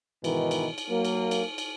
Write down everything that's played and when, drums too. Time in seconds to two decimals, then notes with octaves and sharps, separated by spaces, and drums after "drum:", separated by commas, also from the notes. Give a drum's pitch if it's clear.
0.24 G#2 B2 D#3 E3, drum: cymbal
0.51 drum: cymbal
0.78 drum: cymbal
0.90 F#3 A#3
1.05 drum: cymbal
1.31 drum: cymbal
1.58 drum: cymbal